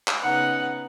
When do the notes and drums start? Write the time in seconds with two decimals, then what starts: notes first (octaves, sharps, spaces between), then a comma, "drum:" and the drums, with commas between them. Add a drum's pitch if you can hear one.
0.08 drum: clap
0.20 C#3 B3 D#4 F#5